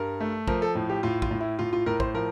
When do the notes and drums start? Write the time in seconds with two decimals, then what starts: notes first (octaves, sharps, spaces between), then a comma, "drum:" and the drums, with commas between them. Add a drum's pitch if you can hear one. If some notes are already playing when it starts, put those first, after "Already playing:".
Already playing: G2 A#4
0.21 A3
0.48 F3 A#4, drum: kick
0.62 A4
0.75 A2
0.90 G4
1.03 A2 F4
1.22 F4, drum: kick
1.31 A2
1.41 E4
1.59 A2 F4
1.73 F4
1.86 A2 A#4
2.00 C5, drum: kick
2.14 F3 A#4